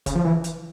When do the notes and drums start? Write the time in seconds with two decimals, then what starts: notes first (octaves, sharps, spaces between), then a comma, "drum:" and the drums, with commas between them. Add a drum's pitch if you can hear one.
0.06 C#3, drum: kick, hi-hat
0.15 F3
0.25 E3
0.44 drum: hi-hat